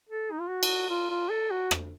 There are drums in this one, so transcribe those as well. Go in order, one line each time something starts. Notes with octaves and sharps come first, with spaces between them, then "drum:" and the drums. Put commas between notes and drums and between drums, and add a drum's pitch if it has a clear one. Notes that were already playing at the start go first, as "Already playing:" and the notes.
A4
D#4
F4
F#4
drum: cymbal
F4
F4
A4
F#4
drum: rim click